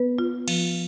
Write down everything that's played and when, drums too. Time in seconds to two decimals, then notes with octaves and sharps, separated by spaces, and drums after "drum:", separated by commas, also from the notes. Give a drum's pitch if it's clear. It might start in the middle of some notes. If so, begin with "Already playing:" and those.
Already playing: B3 B4
0.19 F4
0.48 F3, drum: cymbal